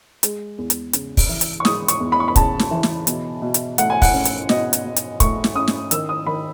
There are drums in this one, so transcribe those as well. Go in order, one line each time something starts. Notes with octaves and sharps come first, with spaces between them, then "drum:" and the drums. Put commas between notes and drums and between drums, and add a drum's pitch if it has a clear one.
G#3, drum: hi-hat
E2
drum: hi-hat
C#3, drum: hi-hat
drum: kick, open hi-hat
E3
drum: hi-hat
C#6
G#3 D#6, drum: snare
C#6, drum: hi-hat
E2
B5
C#6
B5
C#3 A5, drum: kick, hi-hat
drum: snare
E3
drum: snare
B2, drum: hi-hat
B2
drum: hi-hat
A3 F#5, drum: hi-hat
G#5
F#5, drum: kick, open hi-hat
C#4
drum: hi-hat
B2 D#5, drum: snare
drum: hi-hat
B2
drum: hi-hat
A3 C#6, drum: kick, hi-hat
drum: snare
C#4 D#6
drum: snare
D#3 E6, drum: hi-hat
D#6
D#3 B5